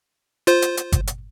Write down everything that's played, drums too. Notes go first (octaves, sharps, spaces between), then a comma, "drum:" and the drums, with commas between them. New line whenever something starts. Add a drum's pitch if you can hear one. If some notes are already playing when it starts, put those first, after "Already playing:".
F4 C5, drum: hi-hat
drum: hi-hat
drum: hi-hat
drum: kick G1, hi-hat
drum: hi-hat